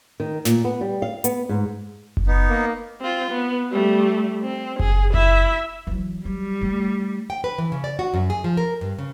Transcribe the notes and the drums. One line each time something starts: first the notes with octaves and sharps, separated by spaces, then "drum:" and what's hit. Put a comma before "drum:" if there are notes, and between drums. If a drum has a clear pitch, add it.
D#3
A#2, drum: snare
B3
G3
F5
B3, drum: hi-hat
G#2
drum: kick F#1
B3 D#4
A#3
C4 F4
B3
G3 A3
C4
G#4, drum: kick F#1
E4 E5, drum: kick F#1
E3 F#3
F#3 G3
A3 D#4
G5
B4
E3
C#3
D5
F#4
F#2
G#4
F3
A#4
G2
C#3